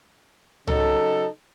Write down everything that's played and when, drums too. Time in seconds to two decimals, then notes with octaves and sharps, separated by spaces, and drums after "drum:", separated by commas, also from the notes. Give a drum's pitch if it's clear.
0.67 C#3 F#3 D#4 A4, drum: tom C2